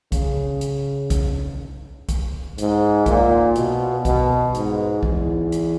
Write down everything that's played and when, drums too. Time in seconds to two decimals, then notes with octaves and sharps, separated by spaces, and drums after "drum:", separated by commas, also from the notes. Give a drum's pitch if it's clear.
0.12 C#3, drum: kick, hi-hat
0.61 drum: hi-hat
1.10 drum: kick, hi-hat
2.09 drum: kick, hi-hat
2.58 G#2, drum: hi-hat
3.06 A#2, drum: kick, hi-hat
3.56 B2, drum: hi-hat
4.05 B2, drum: kick, hi-hat
4.55 G#2, drum: hi-hat
5.03 E2, drum: kick
5.52 drum: hi-hat